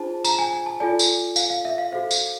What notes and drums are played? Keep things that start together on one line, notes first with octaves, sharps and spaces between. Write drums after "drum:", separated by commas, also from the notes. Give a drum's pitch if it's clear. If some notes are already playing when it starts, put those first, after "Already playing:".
Already playing: D4 F4 G#4 C5 A5
A#5, drum: tambourine
G#5
G#5
A5
F4 A4 D5 G#5
drum: tambourine
F5, drum: tambourine
F5
E5
F5
F#4 A4 C5 F5
drum: tambourine